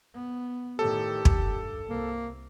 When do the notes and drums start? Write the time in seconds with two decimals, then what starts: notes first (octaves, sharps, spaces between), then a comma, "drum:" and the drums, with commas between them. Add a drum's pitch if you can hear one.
0.14 B3
0.79 A2 D#3 G4 A4
1.25 G2, drum: kick
1.89 C2 A#3